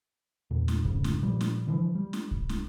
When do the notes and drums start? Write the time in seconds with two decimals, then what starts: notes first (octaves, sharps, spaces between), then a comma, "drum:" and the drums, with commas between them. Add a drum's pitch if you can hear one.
0.51 E2 A#2
0.68 drum: snare
0.85 F2 G#2 C#3, drum: kick
1.04 drum: snare
1.22 A#2 F3 G3
1.41 drum: snare
1.67 D3 E3 F3
1.95 G3
2.13 drum: snare
2.31 drum: kick
2.49 drum: snare